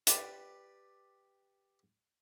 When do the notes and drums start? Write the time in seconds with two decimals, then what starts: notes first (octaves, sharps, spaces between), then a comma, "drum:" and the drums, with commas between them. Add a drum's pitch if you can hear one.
0.07 G4 B4 D5, drum: hi-hat